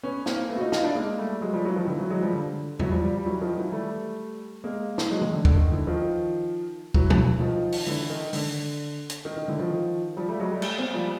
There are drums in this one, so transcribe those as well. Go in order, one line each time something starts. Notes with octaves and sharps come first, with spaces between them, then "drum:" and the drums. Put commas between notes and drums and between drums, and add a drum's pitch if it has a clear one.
B3 C#4
A#3 C4, drum: snare
A3 B3
F#4
D#4 F4
D#4 F4, drum: snare
D4 E4
G#3 A#3
G3 A3
F#3 G#3
F3 G3
E3 F#3
D#3 F3
D3 E3
E3 F#3
F#3 G#3
F3 G3
D3
E3 F#3, drum: tom E2
F3 G3
F3 G3
G3
E3 F#3
D#3 F3
E3 F#3
G3 A3
G#3 A#3
drum: snare
F#3 G#3
D#3, drum: tom E3
D3
D3, drum: kick
D#3
D3 E3
D#3 F3
E3 F#3, drum: kick
drum: tom
D#3 F3
drum: open hi-hat
D3 E3
D#3
D3, drum: open hi-hat
drum: hi-hat
D#3
D#3
D3 E3
D#3 F3
F3 G3
G3 A3
F#3 G#3
G3 A3
drum: cymbal
A#3 C4
F3 G3